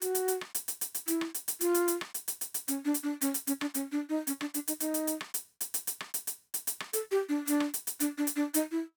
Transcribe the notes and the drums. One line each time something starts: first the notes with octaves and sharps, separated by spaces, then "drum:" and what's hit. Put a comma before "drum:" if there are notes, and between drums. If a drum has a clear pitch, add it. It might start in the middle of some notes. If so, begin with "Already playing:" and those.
F#4, drum: hi-hat
drum: hi-hat
drum: hi-hat
drum: rim click
drum: hi-hat
drum: hi-hat
drum: hi-hat
drum: hi-hat
E4, drum: hi-hat
drum: rim click
drum: hi-hat
drum: hi-hat
F4, drum: hi-hat
drum: hi-hat
drum: hi-hat
drum: rim click
drum: hi-hat
drum: hi-hat
drum: hi-hat
drum: hi-hat
C#4, drum: hi-hat
D4
drum: hi-hat
D4
C#4, drum: hi-hat
drum: hi-hat
C#4, drum: hi-hat
D4, drum: rim click
C#4, drum: hi-hat
D4
D#4
C#4, drum: hi-hat
D4, drum: rim click
D4, drum: hi-hat
D#4, drum: hi-hat
D#4, drum: hi-hat
drum: hi-hat
drum: hi-hat
drum: rim click
drum: hi-hat
drum: hi-hat
drum: hi-hat
drum: hi-hat
drum: rim click
drum: hi-hat
drum: hi-hat
drum: hi-hat
drum: hi-hat
drum: rim click
A4, drum: hi-hat
G4
D4
D4, drum: hi-hat
drum: rim click
drum: hi-hat
drum: hi-hat
D4, drum: hi-hat
D4
drum: hi-hat
D4
D#4, drum: hi-hat
E4